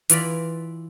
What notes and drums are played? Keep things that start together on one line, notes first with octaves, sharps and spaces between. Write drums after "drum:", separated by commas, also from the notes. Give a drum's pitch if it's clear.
E3 F4 D5 B5, drum: hi-hat